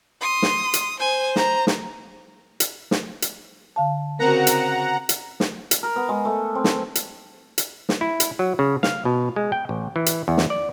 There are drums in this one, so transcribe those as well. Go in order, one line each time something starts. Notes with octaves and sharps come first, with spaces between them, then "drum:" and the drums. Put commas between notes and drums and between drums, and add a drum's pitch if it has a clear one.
C6 D#6
drum: snare
drum: hi-hat
C5 G#5
A#5, drum: snare
drum: snare
drum: hi-hat
drum: snare
drum: hi-hat
D3 F5 A5
C#3 C4 F#4 A#4 F#5 A#5
drum: hi-hat
drum: hi-hat
drum: snare
drum: hi-hat
A#4
B3
G#3
A3
C4
drum: snare
drum: hi-hat
drum: hi-hat
drum: snare
E4
drum: hi-hat
F#3
C#3
F5, drum: snare
B2
G#3
G5
A1
E3
drum: hi-hat
E2
drum: snare
D5